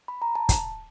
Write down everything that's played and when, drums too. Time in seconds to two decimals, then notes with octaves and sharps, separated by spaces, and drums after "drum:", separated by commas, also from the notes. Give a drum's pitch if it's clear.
0.08 B5
0.22 A#5
0.35 A5
0.49 drum: kick, hi-hat